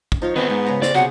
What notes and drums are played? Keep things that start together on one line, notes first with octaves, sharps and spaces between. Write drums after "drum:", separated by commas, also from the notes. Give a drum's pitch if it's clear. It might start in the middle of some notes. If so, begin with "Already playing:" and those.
drum: kick
F3 D#4 F4 C#5
D#3 B3 C4 B4 G5
G#2 C#5
C#3 B4 A#5
C4 D5, drum: snare
C3 F#3 B3 G#4 C5 F#5